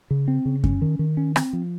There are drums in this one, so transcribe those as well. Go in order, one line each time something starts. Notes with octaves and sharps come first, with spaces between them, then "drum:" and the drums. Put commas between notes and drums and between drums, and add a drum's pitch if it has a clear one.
C#3
C4
C#3
C#4, drum: kick F#2
D#3
D#3
C#4
C4, drum: rim click
F3